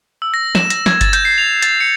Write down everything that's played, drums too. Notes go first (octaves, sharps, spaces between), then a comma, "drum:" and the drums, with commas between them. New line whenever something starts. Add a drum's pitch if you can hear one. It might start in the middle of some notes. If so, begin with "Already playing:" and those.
E6
A#6
E7, drum: snare
A#6, drum: hi-hat
G#6, drum: snare
A6, drum: kick G1, hi-hat
G6, drum: hi-hat
C7
F7
A6, drum: hi-hat
C#7